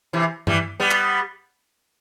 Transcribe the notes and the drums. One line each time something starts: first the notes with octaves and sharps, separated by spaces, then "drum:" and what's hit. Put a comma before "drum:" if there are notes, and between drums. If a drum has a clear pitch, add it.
C3 E3
E3 G3, drum: tom G2
G3 B3
drum: clap